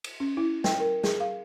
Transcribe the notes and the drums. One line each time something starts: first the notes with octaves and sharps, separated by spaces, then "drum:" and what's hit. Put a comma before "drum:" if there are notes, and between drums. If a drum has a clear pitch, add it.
drum: cymbal
C#4
E4
G5, drum: snare
A#4
G#4, drum: snare
F5